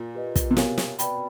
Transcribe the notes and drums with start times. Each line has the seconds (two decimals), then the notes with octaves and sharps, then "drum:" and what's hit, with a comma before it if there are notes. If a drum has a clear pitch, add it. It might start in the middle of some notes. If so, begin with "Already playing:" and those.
Already playing: A#2
0.15 G4 B4 D#5
0.36 drum: kick, hi-hat
0.51 C3
0.57 B2 G4 A#4 C#5 F5 G#5, drum: snare
0.78 drum: snare
0.99 B4 D5 G5 B5, drum: hi-hat